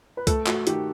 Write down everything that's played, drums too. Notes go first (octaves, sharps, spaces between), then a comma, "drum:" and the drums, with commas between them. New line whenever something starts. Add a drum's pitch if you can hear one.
B4
A3 A4, drum: kick C2, hi-hat
A3 F#4, drum: clap
D#3 G4, drum: hi-hat